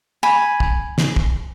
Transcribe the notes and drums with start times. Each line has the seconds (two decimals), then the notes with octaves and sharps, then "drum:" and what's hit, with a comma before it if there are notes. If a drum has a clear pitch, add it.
0.23 G#5 B5
0.60 drum: kick
0.98 drum: snare
1.16 drum: kick